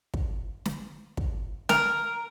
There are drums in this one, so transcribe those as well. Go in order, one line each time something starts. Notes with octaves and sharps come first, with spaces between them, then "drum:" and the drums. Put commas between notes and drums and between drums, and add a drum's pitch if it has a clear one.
drum: kick
drum: snare
drum: kick
A#4, drum: snare